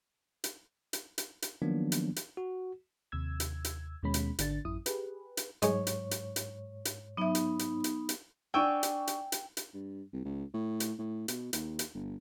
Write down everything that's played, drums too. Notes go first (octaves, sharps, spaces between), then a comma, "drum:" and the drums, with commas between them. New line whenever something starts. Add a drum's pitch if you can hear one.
drum: hi-hat
drum: hi-hat
drum: hi-hat
drum: hi-hat
D#3 F3 F#3 A#3 B3 D4
drum: hi-hat
drum: hi-hat
F#4
D#2 C3 E6 G#6
drum: hi-hat
drum: hi-hat
D#2 B2 G#3 C#4 B5
drum: hi-hat
G#1 D3 D4 A6, drum: hi-hat
A1 F#2 E4 D#6
G4 G#4 B4, drum: hi-hat
drum: hi-hat
G#2 F#3 G#3 C#5, drum: hi-hat
drum: hi-hat
drum: hi-hat
drum: hi-hat
drum: hi-hat
F#3 B3 D#4 E5
drum: hi-hat
drum: hi-hat
drum: hi-hat
drum: hi-hat
D4 G5 G#5 C#6 E6 G7
drum: hi-hat
drum: hi-hat
drum: hi-hat
drum: hi-hat
G2
C2
C#2
A2
drum: hi-hat
A2
B2, drum: hi-hat
D#2, drum: hi-hat
drum: hi-hat
G1